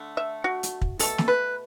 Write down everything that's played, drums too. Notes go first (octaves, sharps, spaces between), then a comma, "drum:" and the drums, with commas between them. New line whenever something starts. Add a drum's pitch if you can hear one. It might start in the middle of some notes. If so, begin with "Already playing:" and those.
Already playing: D3 A3
E5
F#4
drum: hi-hat
drum: kick
B2 A3 A4, drum: open hi-hat
drum: snare
B4